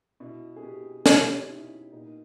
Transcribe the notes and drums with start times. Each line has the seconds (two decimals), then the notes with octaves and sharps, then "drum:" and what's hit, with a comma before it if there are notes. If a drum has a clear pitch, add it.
0.20 B2 E4
0.56 G#4
0.63 B2 G4
1.06 B2 G4, drum: snare
1.28 C#4
1.39 D#4
1.50 B2 E4
1.92 A#2 D#4